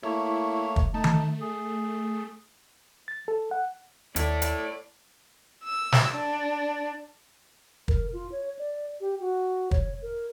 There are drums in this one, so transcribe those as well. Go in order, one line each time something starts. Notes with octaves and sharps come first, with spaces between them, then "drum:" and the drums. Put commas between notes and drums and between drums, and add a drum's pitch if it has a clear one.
A3 A#3 E4 C#5
drum: kick
A3 D#4 A5
drum: tom D#3
G#4
A6
A4
F#5
D#2 E4 A4 D5, drum: hi-hat
drum: hi-hat
E6
drum: snare
D4
A#4, drum: kick
F4
C#5
D5
G4
F#4
C#5, drum: kick
A#4